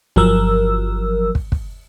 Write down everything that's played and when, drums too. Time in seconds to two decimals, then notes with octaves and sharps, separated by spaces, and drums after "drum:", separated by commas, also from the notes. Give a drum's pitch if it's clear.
0.16 G1 F3 F#3 A#4 E6, drum: kick
1.35 drum: kick
1.52 drum: kick